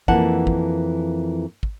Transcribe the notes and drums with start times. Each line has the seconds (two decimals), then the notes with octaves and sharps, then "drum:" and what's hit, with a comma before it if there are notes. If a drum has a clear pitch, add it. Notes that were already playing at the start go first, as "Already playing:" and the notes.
0.08 F2 E3 A#3 F#5 A5, drum: kick
0.47 drum: kick
1.63 drum: kick